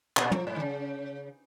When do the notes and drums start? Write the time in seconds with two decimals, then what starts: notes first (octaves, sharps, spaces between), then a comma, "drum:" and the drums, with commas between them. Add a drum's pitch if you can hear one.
0.17 A#2, drum: clap
0.32 F3, drum: tom
0.47 G#2
0.56 D#3
0.62 C#3